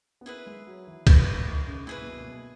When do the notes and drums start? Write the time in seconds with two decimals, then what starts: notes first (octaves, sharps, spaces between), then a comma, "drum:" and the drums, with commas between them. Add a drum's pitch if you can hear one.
0.21 B3
0.26 A#3 E4 G#4 B4
0.46 G#3
0.67 F#3
0.87 E3
1.07 D#3 E4 G#4 B4, drum: kick, cymbal
1.26 E3
1.47 D#3
1.67 C#3
1.87 A#2 E4 G#4 B4
2.02 A#2
2.07 B2
2.20 A#2
2.28 B2